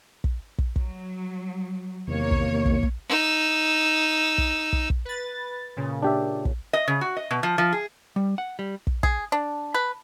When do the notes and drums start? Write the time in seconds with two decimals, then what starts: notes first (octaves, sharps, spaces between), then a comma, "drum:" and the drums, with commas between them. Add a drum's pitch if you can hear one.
0.24 drum: kick
0.58 drum: kick
0.76 F#3, drum: kick
2.08 E2 C3 D#3 A#3 C#5
2.31 drum: kick
2.66 drum: kick
2.83 drum: kick
3.09 D#4 E6
4.38 drum: kick
4.73 drum: kick
4.90 drum: kick
5.05 B4 A6
5.76 A#2 C#3
6.02 D4 G4 E5
6.45 drum: kick
6.73 D#5
6.88 C#3
7.01 F#4
7.17 D#5
7.31 B2
7.43 F3
7.58 F3
7.72 G#4
8.16 G3
8.38 F#5
8.59 G3
8.87 drum: kick
9.03 G#4, drum: kick
9.32 D4
9.74 B4